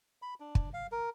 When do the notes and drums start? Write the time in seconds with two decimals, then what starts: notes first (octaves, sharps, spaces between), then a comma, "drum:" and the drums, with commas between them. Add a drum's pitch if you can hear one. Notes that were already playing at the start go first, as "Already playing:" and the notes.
0.22 B5
0.40 D4
0.55 drum: kick
0.74 F5
0.92 A#4